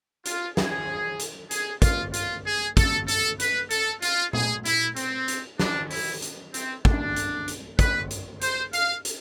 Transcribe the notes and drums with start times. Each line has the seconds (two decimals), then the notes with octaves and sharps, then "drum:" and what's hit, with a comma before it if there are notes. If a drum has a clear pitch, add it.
0.25 F4, drum: hi-hat
0.57 G#4, drum: snare
1.19 drum: hi-hat
1.51 G#4, drum: hi-hat
1.82 F4, drum: kick, hi-hat
2.13 F4, drum: hi-hat
2.46 G#4
2.77 A4, drum: kick, hi-hat
3.08 A4, drum: hi-hat
3.39 B4, drum: hi-hat
3.70 A4, drum: hi-hat
4.02 F4, drum: hi-hat
4.33 G#4, drum: tom A#2
4.65 E4, drum: hi-hat
4.96 C4, drum: hi-hat
5.28 drum: hi-hat
5.59 D4, drum: snare
5.90 E4, drum: open hi-hat
6.22 drum: hi-hat
6.54 C4, drum: hi-hat
6.85 D4, drum: kick
7.16 drum: hi-hat
7.48 drum: hi-hat
7.79 B4, drum: kick, hi-hat
8.10 drum: hi-hat
8.41 C5, drum: hi-hat
8.73 F5, drum: hi-hat
9.05 drum: hi-hat